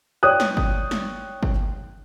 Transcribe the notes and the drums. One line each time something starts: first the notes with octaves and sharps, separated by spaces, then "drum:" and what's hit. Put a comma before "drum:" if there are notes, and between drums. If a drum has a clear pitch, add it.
C#5 D5 G5 D#6 F#6
drum: snare
drum: kick G1
drum: snare
drum: kick G1